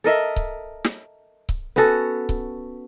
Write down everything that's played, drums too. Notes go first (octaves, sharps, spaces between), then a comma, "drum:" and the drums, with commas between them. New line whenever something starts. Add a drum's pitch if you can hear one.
A4 A#4 D#5 E5
drum: kick C#1
drum: snare
drum: kick C#1
B3 C#4 F#4 A4
drum: kick C#1